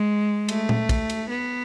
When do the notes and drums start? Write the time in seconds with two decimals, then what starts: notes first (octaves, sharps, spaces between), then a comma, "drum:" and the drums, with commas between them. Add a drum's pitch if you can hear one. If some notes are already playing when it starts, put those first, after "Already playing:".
Already playing: G#3
0.49 A3, drum: cymbal
0.69 drum: tom A#2
0.89 drum: kick, cymbal
1.10 drum: cymbal
1.29 B3